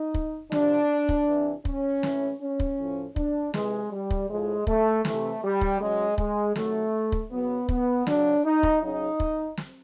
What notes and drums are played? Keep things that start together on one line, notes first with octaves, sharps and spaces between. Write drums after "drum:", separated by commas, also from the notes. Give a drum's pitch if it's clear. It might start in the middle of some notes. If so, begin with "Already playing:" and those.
Already playing: D#4
drum: kick
C3 F3 D4, drum: snare
drum: kick
C3 E3
C#4, drum: kick
A2 E3, drum: snare
C#4
drum: kick
A2 F3
D4, drum: kick
C3 E3 G#3, drum: snare
G3
drum: kick
A2 F3 G#3
A3, drum: kick
C3 E3 A3, drum: snare
G3
drum: kick
C#3 F#3 G#3
G#3, drum: kick
C3 D#3 F#3 A3, drum: snare
drum: kick
C#3 F#3 B3
B3, drum: kick
C#3 F#3 D4, drum: snare
D#4
drum: kick
C#3 F#3 D#4
drum: kick
drum: snare